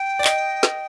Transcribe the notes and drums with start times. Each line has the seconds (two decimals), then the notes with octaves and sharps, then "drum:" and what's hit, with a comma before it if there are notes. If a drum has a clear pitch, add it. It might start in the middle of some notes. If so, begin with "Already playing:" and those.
Already playing: G5
0.19 D5
0.24 D#5, drum: clap
0.63 drum: snare